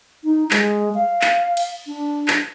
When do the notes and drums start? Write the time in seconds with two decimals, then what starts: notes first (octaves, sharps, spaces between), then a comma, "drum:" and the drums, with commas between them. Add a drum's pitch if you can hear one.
0.24 D#4
0.51 G#3, drum: clap
0.95 F5
1.22 drum: clap
1.57 drum: cymbal
1.87 D4
2.28 drum: clap